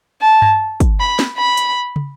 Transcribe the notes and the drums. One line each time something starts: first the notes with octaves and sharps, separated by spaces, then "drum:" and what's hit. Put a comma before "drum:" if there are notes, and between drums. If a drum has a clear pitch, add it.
A5
drum: tom G2
drum: kick, hi-hat
B5
drum: snare
B5
drum: hi-hat
drum: tom